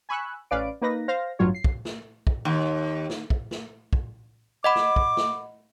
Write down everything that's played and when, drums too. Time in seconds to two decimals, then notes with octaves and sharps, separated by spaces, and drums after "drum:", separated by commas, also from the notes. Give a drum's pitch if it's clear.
0.09 G#5 B5 C#6 E6 F#6
0.51 A1 C#4 B4 D5 F5 D7
0.81 A#3 D#4 B4 A#6
1.08 C5 F5 A#6
1.39 A1 G2 F#3 F4 C#5
1.55 C7
1.64 drum: kick
1.85 drum: snare
2.27 drum: kick
2.45 D#2
3.10 drum: snare
3.30 drum: kick
3.51 drum: snare
3.93 drum: kick
4.64 D#5 F#5 B5 D6
4.76 drum: snare
4.96 drum: kick
5.17 drum: snare